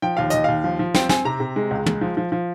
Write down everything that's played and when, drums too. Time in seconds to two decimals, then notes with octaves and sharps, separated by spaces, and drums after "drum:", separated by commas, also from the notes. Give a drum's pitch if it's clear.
0.02 F3 G5
0.17 D#2 F5
0.30 D#2 D#5, drum: hi-hat
0.44 D#2 F5
0.64 F3
0.79 F3
0.94 C4 G5, drum: snare
1.09 C4 G#5, drum: snare
1.25 C3 A#5
1.40 C3
1.56 G#3
1.71 C#2
1.86 G#3, drum: tom
2.01 F3
2.17 F3
2.32 F3